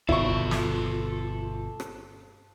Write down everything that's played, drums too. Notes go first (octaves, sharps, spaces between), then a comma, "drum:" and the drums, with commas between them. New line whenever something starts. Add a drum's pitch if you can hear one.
G1 B2 E4 F4 A4 F5 C#6, drum: kick F1
drum: snare
drum: rim click